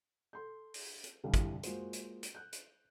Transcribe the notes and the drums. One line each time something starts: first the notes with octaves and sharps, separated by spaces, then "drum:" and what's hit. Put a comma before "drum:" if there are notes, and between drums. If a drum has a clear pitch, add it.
A4 C6 G6
drum: open hi-hat
drum: hi-hat
C2 D3 E3 G3 F5
drum: kick, hi-hat
G#3 A#3 F4 F#4 C5, drum: hi-hat
drum: hi-hat
drum: hi-hat
F#6 G6
drum: hi-hat